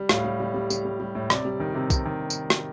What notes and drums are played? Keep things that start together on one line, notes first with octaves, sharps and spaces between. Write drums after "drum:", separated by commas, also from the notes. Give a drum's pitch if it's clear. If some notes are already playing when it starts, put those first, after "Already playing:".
Already playing: G3
A2 F5, drum: rim click
G3
G3
G3
G3, drum: tambourine
G3
G3
A2
C3 D5, drum: rim click
G3
D#3
C3
C3, drum: kick, tambourine
D#3
drum: tambourine
drum: rim click